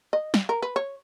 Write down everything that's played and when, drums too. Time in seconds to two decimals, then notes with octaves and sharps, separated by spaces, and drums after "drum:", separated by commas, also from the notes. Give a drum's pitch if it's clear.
0.13 D#5
0.34 drum: snare
0.49 A#4
0.62 B4
0.76 C#5